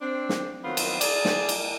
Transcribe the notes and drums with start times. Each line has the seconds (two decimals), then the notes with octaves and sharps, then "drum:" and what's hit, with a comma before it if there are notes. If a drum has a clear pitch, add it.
0.02 C4 D4
0.29 drum: snare
0.64 D#3 F3 F#3 B3 C4 F4
0.77 drum: cymbal
1.01 G#4 D5, drum: cymbal
1.25 drum: snare
1.49 drum: cymbal